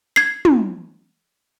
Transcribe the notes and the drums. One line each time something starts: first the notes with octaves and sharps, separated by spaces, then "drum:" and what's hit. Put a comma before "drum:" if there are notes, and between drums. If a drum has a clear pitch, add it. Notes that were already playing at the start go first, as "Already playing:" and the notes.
G#6 C7
drum: tom